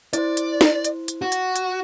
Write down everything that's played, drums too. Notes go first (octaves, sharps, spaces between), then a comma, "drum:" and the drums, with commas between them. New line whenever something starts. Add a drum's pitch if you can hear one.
E4 C5 D5, drum: hi-hat
drum: hi-hat
drum: snare
drum: hi-hat
drum: hi-hat
F#4
drum: hi-hat
drum: hi-hat